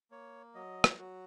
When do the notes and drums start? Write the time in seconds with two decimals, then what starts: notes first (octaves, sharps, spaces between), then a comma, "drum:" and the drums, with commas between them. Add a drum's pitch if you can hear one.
0.11 A#3 C#5
0.55 F#3 D#5
0.84 drum: rim click
0.99 F#3 F#4